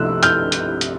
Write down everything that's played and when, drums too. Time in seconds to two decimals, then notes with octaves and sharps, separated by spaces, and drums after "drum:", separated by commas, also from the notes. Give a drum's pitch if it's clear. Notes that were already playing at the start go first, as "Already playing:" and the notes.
Already playing: C2 C3 F3 A3 E6 F#6
0.23 F6 G6, drum: hi-hat
0.52 drum: hi-hat
0.81 drum: hi-hat